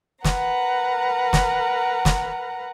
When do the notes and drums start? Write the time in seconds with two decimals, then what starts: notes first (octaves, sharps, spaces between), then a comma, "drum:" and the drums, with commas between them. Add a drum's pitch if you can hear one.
0.24 A#4 B4 F#5 A#5, drum: snare
1.33 drum: snare
2.05 drum: snare